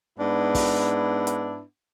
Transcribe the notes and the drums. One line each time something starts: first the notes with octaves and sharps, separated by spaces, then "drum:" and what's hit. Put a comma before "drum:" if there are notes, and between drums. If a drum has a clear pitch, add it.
G#2 B3 D4 E4
drum: kick, open hi-hat
drum: hi-hat